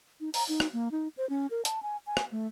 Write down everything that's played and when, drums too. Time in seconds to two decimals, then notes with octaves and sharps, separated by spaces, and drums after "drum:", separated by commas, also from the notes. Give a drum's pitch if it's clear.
0.20 D#4
0.34 A#5, drum: open hi-hat
0.49 D#4
0.60 drum: rim click
0.73 A#3
0.91 D#4
1.17 C5
1.30 C#4
1.51 A#4
1.65 A5, drum: hi-hat
1.83 G#5
2.07 G#5
2.17 drum: rim click
2.32 A3